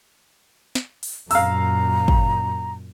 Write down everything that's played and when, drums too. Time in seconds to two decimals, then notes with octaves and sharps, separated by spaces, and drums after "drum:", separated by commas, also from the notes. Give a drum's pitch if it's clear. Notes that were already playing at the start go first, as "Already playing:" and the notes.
0.75 drum: snare
1.03 drum: open hi-hat
1.31 F#2 A#2 F5 A#5 E6, drum: open hi-hat
2.08 drum: kick